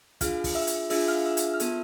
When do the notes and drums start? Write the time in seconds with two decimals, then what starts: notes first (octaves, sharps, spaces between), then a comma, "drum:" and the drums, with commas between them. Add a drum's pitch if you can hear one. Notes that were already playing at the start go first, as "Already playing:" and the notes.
0.21 D4 F4 G#4 F5 F6, drum: kick, hi-hat
0.44 drum: kick, open hi-hat
0.55 E5 E6
0.67 drum: hi-hat
0.90 D4 F4 G#4 E5 E6, drum: open hi-hat
1.08 F5 F6
1.25 E5 E6
1.37 drum: hi-hat
1.54 F6
1.60 B3 F4 A4 E5 E6, drum: hi-hat